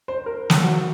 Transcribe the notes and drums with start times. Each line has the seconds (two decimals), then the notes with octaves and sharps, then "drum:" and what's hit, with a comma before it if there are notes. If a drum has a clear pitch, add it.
0.08 C5
0.26 A#4
0.50 drum: snare
0.64 F#4